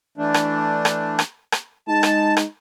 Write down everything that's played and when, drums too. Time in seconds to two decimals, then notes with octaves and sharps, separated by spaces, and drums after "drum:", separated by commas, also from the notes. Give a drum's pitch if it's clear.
0.17 E3 A3 D4
0.34 drum: rim click
0.85 drum: rim click
1.19 drum: rim click
1.52 drum: rim click
1.88 G#3 D#4 A5
2.03 drum: rim click
2.37 drum: rim click